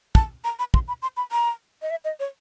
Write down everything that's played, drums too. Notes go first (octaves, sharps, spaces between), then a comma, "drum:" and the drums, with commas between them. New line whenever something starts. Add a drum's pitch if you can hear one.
A5, drum: kick
A#5
B5
C6, drum: kick
B5
C6
B5
A#5
D#5
E5
D#5
C#5